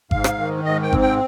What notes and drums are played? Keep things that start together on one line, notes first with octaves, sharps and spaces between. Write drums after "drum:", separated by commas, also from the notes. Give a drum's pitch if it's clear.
G#2 F5, drum: kick G#1
drum: rim click
D#3
G#2 D#5
G5
C4, drum: kick G#1
G5